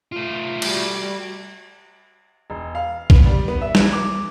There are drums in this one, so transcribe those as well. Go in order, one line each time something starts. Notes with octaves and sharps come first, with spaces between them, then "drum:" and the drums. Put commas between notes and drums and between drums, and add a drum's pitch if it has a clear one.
A3 F4
G3 F#4, drum: cymbal
E1
F5
B3, drum: kick
G3
B3
E5
E3, drum: snare
D6